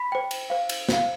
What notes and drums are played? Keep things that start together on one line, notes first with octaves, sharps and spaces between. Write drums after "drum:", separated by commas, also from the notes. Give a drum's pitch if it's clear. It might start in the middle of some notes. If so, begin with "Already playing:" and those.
Already playing: B5 B6
C5 G5
drum: cymbal
C5 F5
drum: cymbal
C5 F5, drum: snare